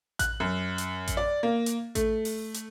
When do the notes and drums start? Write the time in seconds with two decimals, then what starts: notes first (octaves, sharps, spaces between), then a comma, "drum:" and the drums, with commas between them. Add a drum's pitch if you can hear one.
0.19 F#6, drum: kick A1, hi-hat
0.40 F#2
0.78 drum: hi-hat
1.07 drum: kick A1, hi-hat
1.17 D5
1.43 A#3
1.66 drum: hi-hat
1.95 A3, drum: kick A1, hi-hat
2.25 drum: open hi-hat
2.54 drum: hi-hat